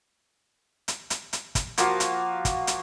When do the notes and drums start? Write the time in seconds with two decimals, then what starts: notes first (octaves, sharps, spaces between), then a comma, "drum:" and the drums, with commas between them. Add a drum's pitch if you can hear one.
0.88 drum: hi-hat
1.10 drum: hi-hat
1.33 drum: hi-hat
1.55 drum: kick, hi-hat
1.78 F3 A#3 F#4 F5, drum: hi-hat
2.00 drum: hi-hat
2.45 drum: kick, hi-hat
2.67 drum: hi-hat